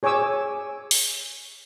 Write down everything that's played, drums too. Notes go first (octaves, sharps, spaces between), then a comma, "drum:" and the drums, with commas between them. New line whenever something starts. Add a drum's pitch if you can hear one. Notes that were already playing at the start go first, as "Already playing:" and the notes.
G#4 C#5 G#5 D6 E6
drum: open hi-hat